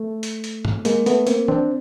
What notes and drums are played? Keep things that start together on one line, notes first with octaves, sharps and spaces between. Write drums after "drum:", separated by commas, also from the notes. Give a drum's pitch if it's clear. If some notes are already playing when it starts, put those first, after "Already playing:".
Already playing: A3
drum: hi-hat
drum: hi-hat
drum: tom G#2
G#3 A#3, drum: hi-hat
A3 B3, drum: hi-hat
A#3 C4, drum: hi-hat
C4 D4, drum: tom